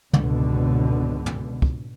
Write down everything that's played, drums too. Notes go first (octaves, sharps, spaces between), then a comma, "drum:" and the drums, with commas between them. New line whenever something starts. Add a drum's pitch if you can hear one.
G#1 C#2 B2 D3, drum: tom
drum: tom
drum: kick